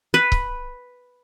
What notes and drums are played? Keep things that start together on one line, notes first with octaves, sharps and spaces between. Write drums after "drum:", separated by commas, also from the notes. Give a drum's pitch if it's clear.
B4
drum: kick C#1